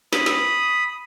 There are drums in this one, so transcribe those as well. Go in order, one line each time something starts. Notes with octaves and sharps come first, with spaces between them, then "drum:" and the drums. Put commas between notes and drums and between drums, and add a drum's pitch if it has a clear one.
B5 D#6, drum: snare
drum: snare